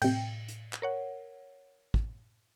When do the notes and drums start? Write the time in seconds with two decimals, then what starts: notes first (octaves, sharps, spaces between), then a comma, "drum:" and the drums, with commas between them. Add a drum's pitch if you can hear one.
0.02 A2 C3 G5, drum: cymbal
0.48 drum: hi-hat
0.73 drum: clap
0.82 A#4 C#5 F#5
1.94 drum: kick